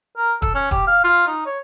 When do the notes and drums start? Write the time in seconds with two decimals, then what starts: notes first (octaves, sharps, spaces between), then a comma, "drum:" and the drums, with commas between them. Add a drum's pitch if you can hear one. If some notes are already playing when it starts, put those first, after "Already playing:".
0.18 A#4
0.42 A4, drum: kick, hi-hat
0.55 C#4
0.71 G4, drum: kick, hi-hat
0.87 F5
1.04 F4
1.27 D#4
1.46 C#5